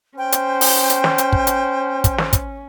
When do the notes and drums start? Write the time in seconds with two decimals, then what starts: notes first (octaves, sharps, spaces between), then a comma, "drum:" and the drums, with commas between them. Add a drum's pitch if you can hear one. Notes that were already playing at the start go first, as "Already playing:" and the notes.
0.18 C#4 C5 G5
0.32 drum: hi-hat
0.61 drum: open hi-hat
0.90 drum: hi-hat
1.04 drum: snare
1.18 drum: hi-hat
1.33 drum: kick
1.47 drum: hi-hat
2.04 drum: kick, hi-hat
2.18 drum: snare
2.33 drum: kick, hi-hat